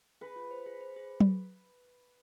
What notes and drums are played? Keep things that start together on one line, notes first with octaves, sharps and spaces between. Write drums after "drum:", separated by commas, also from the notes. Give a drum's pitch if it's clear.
G#4 B4
F4
C5
G#4
C5
G#4
drum: tom F#3